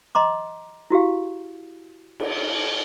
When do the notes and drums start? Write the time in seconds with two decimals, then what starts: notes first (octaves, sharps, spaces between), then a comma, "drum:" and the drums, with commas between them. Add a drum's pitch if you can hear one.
0.15 D#5 A#5 C6 D6
0.91 E4 F#4 G4 F5
2.20 drum: cymbal